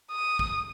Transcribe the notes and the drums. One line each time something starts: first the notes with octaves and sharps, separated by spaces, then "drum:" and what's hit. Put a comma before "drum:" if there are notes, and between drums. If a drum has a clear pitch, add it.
D#6
drum: kick